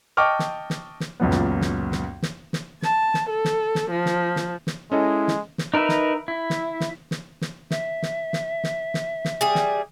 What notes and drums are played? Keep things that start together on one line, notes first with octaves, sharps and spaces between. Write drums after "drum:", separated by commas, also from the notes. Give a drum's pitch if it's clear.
D#5 G5 A5 C#6 D6 F6
drum: snare
drum: snare
drum: snare
C#2 F#2 A#2 B3
drum: snare
drum: snare
drum: snare
drum: snare
drum: snare
A5, drum: snare
drum: snare
A4
drum: snare
drum: snare
F3
drum: snare
drum: snare
drum: snare
G#3 C#4 E4 A4 D#5
drum: snare
drum: snare
D#4 A#4 B4 E5
drum: snare
E4
drum: snare
drum: snare
drum: snare
drum: snare
E5, drum: snare
drum: snare
drum: snare
drum: snare
drum: snare
drum: snare
G3 G#4
drum: snare